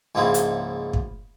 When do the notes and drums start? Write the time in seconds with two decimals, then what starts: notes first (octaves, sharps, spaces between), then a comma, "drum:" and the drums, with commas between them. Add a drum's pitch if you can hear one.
0.15 C#2 G#2 F3 A#3 C4 E4
0.34 drum: hi-hat
0.93 drum: kick